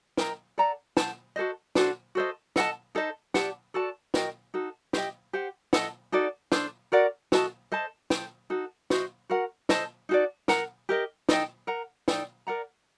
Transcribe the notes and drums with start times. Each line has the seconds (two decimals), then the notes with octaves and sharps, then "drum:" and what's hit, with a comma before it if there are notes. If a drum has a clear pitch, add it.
0.17 A#4 D#5 G5 A#5, drum: snare
0.58 A4 D5 F#5 A#5
0.97 A4 C5 F#5 A5, drum: snare
1.36 F#4 A4 C5 D#5
1.75 D4 F#4 A4 C5, drum: snare
2.15 F#4 A4 C5 D#5
2.56 A4 D#5 F#5 A5, drum: snare
2.95 D#4 A4 C5 D#5
3.34 G4 D5 F#5 A5, drum: snare
3.74 F#4 A4 D5 A5
4.14 F#4 A#4 D#5 G5, drum: snare
4.54 D#4 F#4 A4
4.93 G4 C5 D#5 G5, drum: snare
5.33 G4 C5 F#5
5.73 A4 D#5 F#5 A5, drum: snare
6.12 D#4 F#4 A4 D5
6.52 D4 A4 C5, drum: snare
6.92 F#4 A#4 D5 F#5
7.32 F#4 A4 D#5 A5, drum: snare
7.72 A4 C5 D#5 A5
8.10 A4 C5 G5, drum: snare
8.50 D#4 F#4 A4
8.90 F#4 C5 D#5, drum: snare
9.30 F#4 A#4 F#5
9.69 A4 C5 D#5 A5, drum: snare
10.09 D#4 F#4 A4 D5
10.48 A#4 F#5 A#5, drum: snare
10.89 G4 A#4 D#5
11.29 D#4 A4 D#5 G5, drum: snare
11.67 A#4 F#5 A#5
12.08 D#4 A4 D5 G5, drum: snare
12.47 A#4 D5 F#5 A#5